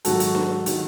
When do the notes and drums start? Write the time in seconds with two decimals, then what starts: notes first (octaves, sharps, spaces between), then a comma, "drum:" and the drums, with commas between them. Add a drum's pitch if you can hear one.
0.05 G#2 D#3 F#3 F#4 A4, drum: hi-hat
0.20 drum: hi-hat
0.35 drum: snare D4
0.66 D#3 F#3, drum: hi-hat